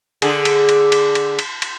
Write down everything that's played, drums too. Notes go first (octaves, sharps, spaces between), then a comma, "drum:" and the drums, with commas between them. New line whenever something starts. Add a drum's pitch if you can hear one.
D3 G#4, drum: cymbal
drum: cymbal
drum: cymbal
drum: cymbal
drum: cymbal
drum: cymbal
drum: cymbal